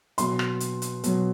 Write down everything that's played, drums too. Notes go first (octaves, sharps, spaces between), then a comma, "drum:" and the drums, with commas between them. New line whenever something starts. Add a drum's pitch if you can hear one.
B2 F#3 C6, drum: hi-hat
drum: rim click
drum: hi-hat
drum: hi-hat
B2 F#3, drum: hi-hat